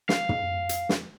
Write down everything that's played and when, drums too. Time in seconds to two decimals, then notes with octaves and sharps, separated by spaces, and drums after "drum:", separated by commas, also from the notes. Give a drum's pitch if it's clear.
0.09 F5, drum: snare
0.29 drum: tom
0.69 drum: hi-hat
0.89 drum: snare